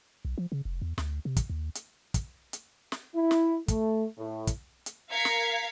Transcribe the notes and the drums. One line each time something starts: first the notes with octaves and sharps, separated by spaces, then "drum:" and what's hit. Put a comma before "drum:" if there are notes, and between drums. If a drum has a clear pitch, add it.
B1
F3
C#3
F1
E2
D2, drum: snare
C3
drum: kick, hi-hat
D#2
drum: hi-hat
drum: kick, hi-hat
drum: hi-hat
drum: snare
E4
drum: snare
A3, drum: kick, hi-hat
A2
drum: kick, hi-hat
drum: hi-hat
A#4 F5 G#6 B6 C#7
drum: snare